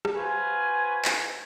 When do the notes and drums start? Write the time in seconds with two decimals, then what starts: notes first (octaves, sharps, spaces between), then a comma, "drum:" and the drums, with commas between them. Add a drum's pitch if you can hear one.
0.05 drum: rim click
0.15 F#4 B4 C5 F5 G#5
1.05 drum: clap